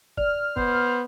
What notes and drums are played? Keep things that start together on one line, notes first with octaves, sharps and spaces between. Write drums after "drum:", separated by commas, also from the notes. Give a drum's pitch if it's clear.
D5 F6, drum: kick
B3 C5, drum: kick